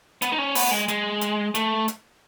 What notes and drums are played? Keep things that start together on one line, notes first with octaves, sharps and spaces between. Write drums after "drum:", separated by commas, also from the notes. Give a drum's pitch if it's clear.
B3, drum: hi-hat
D#4
C#4
B3, drum: open hi-hat
G#3
G#3, drum: hi-hat
drum: hi-hat
A3, drum: hi-hat
drum: hi-hat